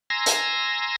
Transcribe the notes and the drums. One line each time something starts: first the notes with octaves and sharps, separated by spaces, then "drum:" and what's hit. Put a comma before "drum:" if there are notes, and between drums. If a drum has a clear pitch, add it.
G#5 A#5 C6 E6 A#6
drum: hi-hat